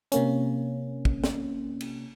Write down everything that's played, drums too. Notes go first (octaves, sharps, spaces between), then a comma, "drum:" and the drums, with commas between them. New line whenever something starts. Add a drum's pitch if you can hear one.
C3 A#3 C#4, drum: hi-hat
drum: kick
drum: snare
drum: cymbal